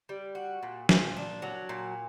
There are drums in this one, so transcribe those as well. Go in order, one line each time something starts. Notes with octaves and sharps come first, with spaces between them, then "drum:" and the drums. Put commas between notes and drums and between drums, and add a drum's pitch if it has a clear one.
G3
F#4
A#2
A#2, drum: snare
D4
F#3
A#2